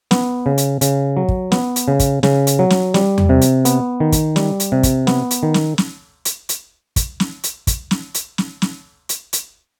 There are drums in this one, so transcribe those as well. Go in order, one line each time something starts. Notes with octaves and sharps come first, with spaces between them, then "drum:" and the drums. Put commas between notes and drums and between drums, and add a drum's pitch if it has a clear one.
B3, drum: snare
C#3
drum: hi-hat
C#3, drum: hi-hat
F#3
drum: kick
B3, drum: snare
drum: hi-hat
C#3
drum: kick, hi-hat
C#3, drum: snare
drum: hi-hat
F#3
drum: snare
G3, drum: snare
drum: tom E2
C3
drum: hi-hat
B3, drum: hi-hat
D#3
drum: kick, hi-hat
G3, drum: snare
drum: hi-hat
C3
drum: kick, hi-hat
B3, drum: snare
drum: hi-hat
D#3
drum: snare
drum: snare
drum: hi-hat
drum: hi-hat
drum: kick, hi-hat
drum: snare
drum: hi-hat
drum: kick, hi-hat
drum: snare
drum: hi-hat
drum: snare
drum: snare
drum: hi-hat
drum: hi-hat